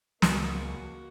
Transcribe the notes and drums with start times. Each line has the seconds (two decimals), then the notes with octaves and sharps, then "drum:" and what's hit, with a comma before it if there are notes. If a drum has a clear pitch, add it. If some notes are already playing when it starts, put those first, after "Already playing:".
0.22 C#2 A#3 F#4, drum: snare